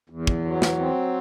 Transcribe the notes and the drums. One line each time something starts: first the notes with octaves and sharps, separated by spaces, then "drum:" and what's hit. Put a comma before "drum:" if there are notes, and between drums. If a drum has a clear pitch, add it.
E2
drum: kick
F#3
drum: snare
C4